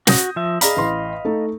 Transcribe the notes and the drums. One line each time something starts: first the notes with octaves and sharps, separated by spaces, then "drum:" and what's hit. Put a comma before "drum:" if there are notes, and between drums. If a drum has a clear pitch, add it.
F#4 D#6 G6 A#6, drum: snare
F3 E5
G#4 D5 D#5 F5 A#5 B5, drum: hi-hat
A1 C6
A3 D#4 A4